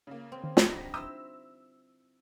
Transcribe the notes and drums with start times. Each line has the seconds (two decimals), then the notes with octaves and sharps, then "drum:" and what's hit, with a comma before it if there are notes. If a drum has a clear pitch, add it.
0.07 C#3 A#3
0.32 C4
0.44 D#3
0.57 drum: snare
0.70 D3 G3 D#4 A#6 B6
0.94 E4 F4 C5 A#5 D#6 E6 G6